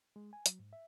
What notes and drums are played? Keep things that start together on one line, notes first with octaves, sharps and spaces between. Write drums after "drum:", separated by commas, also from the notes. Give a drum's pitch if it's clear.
G#3
G#5
F#3, drum: hi-hat
G#2
E5